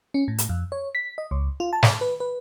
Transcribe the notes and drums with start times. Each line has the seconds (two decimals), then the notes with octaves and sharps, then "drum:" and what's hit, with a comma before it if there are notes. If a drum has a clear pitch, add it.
0.14 C#4
0.28 A2
0.38 drum: hi-hat
0.49 F2
0.72 C#5
0.95 B6
1.18 D#5
1.31 C#2
1.60 F4
1.73 A5
1.83 drum: snare
2.01 B4
2.20 B4